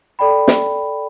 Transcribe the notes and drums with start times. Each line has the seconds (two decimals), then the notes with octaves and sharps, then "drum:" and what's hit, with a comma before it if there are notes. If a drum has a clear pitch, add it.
0.19 A4 D5 G5 B5
0.48 drum: snare